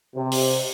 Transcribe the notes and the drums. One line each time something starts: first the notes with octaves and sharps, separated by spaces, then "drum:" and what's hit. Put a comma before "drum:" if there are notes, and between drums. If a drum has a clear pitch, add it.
C3
drum: open hi-hat